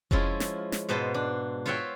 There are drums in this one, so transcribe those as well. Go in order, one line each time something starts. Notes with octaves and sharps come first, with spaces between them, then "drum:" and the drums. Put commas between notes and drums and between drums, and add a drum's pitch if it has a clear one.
F3 G#3 C#4 E4 F4, drum: kick F1
drum: snare
drum: snare
G#2 B2 C5 D#5 A5 B5
D4
F4 C5 C#5 E5 F#5 G5